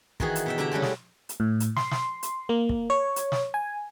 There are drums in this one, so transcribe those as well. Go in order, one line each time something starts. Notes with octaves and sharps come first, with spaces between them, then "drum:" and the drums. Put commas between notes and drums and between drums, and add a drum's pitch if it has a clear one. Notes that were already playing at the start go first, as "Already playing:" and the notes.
D#3 E3 F#4 G#4, drum: kick
drum: hi-hat
B2 E5 G5
D3 E4 G4 E5 G5 A#5
G3 A3 C#4 F#4
drum: snare
drum: hi-hat
A2
drum: hi-hat
C6, drum: snare
drum: snare
drum: hi-hat
A#3
drum: kick
C#5
drum: hi-hat
drum: snare
G#5